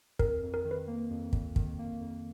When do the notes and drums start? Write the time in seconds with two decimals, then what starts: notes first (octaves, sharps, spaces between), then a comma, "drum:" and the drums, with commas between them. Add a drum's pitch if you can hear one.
0.19 F2 A#4, drum: kick
0.43 F2
0.54 A#4
0.65 D#3
0.71 B4
0.88 A#3
1.11 F2
1.33 F2, drum: kick
1.56 D#3, drum: kick
1.79 A#3
2.01 F2